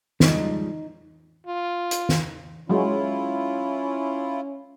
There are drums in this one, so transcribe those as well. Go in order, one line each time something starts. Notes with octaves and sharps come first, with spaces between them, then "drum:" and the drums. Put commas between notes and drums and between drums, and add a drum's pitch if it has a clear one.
F3 G3 G#3 D#4, drum: snare
F4
drum: hi-hat
drum: snare
F#3 G#3 C#4 E4 F4